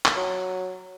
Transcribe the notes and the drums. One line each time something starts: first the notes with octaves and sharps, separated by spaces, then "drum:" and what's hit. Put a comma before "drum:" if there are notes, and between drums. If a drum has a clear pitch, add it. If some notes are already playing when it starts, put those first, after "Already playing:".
drum: clap
F#3